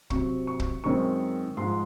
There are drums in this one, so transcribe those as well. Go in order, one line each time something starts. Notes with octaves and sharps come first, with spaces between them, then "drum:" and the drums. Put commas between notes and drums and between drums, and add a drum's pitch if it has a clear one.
C3 F#3 C4 C#6, drum: kick
C#6
drum: kick
F#2 D#3 G#3 C4 C#6
G#2 F3 G#3 C6